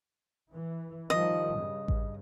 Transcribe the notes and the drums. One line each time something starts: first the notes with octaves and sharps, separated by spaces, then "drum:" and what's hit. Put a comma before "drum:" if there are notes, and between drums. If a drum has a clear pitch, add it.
E3
D#3 F3 G3 D#5
G2 C#3
drum: kick A1